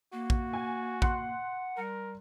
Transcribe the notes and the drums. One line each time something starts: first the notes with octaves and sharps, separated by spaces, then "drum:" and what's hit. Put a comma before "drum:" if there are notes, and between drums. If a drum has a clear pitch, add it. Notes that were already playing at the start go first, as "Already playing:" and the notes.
A#3 F#4
drum: kick
G#5
F#5 C6 F#6, drum: kick
G3 A#4